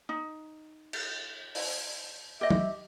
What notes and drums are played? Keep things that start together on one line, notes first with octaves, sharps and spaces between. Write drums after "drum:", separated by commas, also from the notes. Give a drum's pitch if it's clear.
D#4
drum: cymbal
drum: open hi-hat
G4 D#5 E5
drum: tom